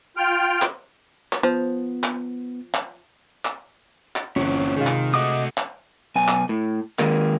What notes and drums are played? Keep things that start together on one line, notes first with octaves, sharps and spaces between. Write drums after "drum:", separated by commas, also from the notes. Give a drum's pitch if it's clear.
F4 G5 F6
drum: clap
drum: clap
F3 B3
drum: clap
drum: clap
drum: clap
drum: clap
G1 A#2 E3 C4 C#4
C3 D#3 G#3 F4
drum: clap
A3 F#4 D#5 D6 D#6
drum: clap
B1 G#5
drum: clap
A2
D#2 D#3 G#3 A#3, drum: clap